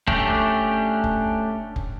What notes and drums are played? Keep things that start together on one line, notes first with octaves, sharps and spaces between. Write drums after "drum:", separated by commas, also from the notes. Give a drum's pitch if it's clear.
A3 C#4 D4 G4, drum: kick
drum: kick
drum: kick